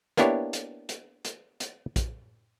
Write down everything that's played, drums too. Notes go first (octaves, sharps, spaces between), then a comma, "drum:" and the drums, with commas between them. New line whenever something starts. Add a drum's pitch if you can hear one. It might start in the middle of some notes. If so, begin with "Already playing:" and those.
A#3 B3 D4 E4 G4 C#5, drum: hi-hat
drum: hi-hat
drum: hi-hat
drum: hi-hat
drum: hi-hat
drum: kick, hi-hat